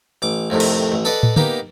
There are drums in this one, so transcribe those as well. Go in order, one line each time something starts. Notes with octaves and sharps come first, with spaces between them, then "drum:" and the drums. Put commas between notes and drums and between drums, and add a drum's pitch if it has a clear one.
A1 D6
F2 A2 C3 D#3
drum: cymbal
A1
A4 B4 D5 D#5 F#5
drum: tom
A#3 B3 D#4 G4, drum: tom